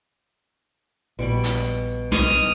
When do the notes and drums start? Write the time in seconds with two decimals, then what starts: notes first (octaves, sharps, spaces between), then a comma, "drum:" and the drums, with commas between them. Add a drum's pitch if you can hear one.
1.19 A#1 B2 G3 B5
1.44 drum: hi-hat
2.12 C2 D#5 G#5 C#6 D#6 F6, drum: snare